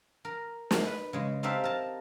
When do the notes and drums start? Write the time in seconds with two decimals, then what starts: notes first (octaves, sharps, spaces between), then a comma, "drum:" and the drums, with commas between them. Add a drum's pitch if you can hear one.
0.25 A#4
0.71 drum: snare
0.86 B4
1.13 C#3 G#3
1.43 C4 D#4 G4 A4 E5 F5
1.64 A#4 A5